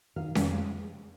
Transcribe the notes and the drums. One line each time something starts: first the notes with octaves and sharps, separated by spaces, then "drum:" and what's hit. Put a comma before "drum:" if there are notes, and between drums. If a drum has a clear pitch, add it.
D#3 F5
F2, drum: snare C#4
G#3